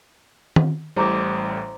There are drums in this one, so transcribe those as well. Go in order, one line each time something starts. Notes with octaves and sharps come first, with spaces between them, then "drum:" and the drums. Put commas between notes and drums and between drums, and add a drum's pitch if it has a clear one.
drum: tom D#3
A1 A2 G3 C5 A#5 D6